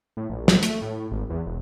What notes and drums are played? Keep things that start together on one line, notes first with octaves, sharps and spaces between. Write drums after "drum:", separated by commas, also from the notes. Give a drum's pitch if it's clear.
A2
A#1
drum: snare
A3, drum: hi-hat
A2
G#1
E2
E1